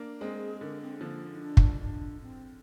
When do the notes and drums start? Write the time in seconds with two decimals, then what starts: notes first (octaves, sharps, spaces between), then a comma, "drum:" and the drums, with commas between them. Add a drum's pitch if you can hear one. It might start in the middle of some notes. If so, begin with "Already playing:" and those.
Already playing: A#3 D4
0.21 G#3 C4 G#4
0.61 D3 A#4
0.81 C4
1.01 D3 F3 A#3
1.33 D#4
1.41 D4
1.57 drum: kick
1.81 D4
2.21 C4